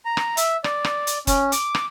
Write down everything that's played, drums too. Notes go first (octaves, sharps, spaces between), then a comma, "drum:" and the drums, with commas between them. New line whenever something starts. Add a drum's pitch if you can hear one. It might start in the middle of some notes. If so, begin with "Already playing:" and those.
A#5
drum: rim click
E5, drum: hi-hat
D5, drum: rim click
drum: rim click
drum: hi-hat
C#4, drum: kick, hi-hat
D6, drum: hi-hat
drum: rim click